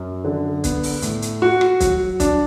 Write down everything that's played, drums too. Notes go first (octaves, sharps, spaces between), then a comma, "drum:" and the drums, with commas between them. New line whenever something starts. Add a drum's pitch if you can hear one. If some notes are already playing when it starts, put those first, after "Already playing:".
Already playing: F#2
D3
B3, drum: kick, hi-hat
drum: open hi-hat
A2, drum: hi-hat
drum: hi-hat
F#4
drum: rim click
F#3, drum: kick, hi-hat
D4, drum: kick, hi-hat